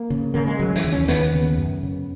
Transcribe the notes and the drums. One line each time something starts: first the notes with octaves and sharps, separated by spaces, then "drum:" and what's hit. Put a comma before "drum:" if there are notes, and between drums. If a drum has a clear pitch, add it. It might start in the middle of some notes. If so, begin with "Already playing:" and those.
Already playing: A#3
C#3
C#3 A#3
G#3
C#3 F#3
E3, drum: hi-hat
D#2
C#4
D#2 B3, drum: hi-hat
C#3
F#2
C#3